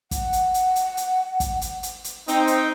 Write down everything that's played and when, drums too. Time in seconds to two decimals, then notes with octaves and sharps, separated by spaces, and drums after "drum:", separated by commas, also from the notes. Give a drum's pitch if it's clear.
0.11 F#5, drum: kick, hi-hat
0.33 drum: hi-hat
0.54 drum: hi-hat
0.76 drum: hi-hat
0.97 drum: hi-hat
1.40 drum: kick, hi-hat
1.61 drum: hi-hat
1.83 drum: hi-hat
2.04 drum: hi-hat
2.28 C4 D#4 D#5, drum: hi-hat
2.47 drum: hi-hat